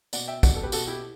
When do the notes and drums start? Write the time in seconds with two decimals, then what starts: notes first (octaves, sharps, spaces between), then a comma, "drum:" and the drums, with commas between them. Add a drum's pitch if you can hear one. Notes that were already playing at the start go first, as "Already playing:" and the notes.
0.13 B2 D5 F#5, drum: tambourine
0.28 E5 G5
0.43 B2 D5 F#5, drum: kick, tambourine
0.55 A4
0.63 G4 B4
0.72 B2 F#4 A4, drum: tambourine
0.87 E4 G4